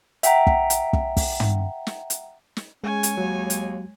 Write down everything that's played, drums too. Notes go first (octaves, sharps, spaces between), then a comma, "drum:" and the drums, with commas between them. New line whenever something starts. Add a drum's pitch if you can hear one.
E5 F#5 G5 A#5, drum: hi-hat
drum: kick
drum: hi-hat
drum: kick
drum: kick, open hi-hat
drum: tom
drum: snare
drum: hi-hat
drum: snare
G#3 C#4 C#5 G#5
drum: hi-hat
D#2 F#3
drum: hi-hat